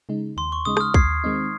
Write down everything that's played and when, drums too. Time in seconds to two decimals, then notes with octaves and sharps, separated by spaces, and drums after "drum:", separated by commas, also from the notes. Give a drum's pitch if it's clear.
0.09 C#3 G#3 D#4
0.37 D#2 C6
0.52 C#6
0.65 C#3 G#3 D#4 D#6
0.77 D#6, drum: rim click
0.81 F6
0.94 D#2 G#6 C7, drum: kick
1.24 D#3 G#3 C4 D#4